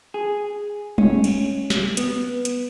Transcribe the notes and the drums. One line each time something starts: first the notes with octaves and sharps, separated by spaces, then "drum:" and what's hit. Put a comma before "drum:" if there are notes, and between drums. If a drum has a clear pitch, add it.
G#4
C#4, drum: tom G3
drum: cymbal
drum: snare
B3, drum: hi-hat
drum: hi-hat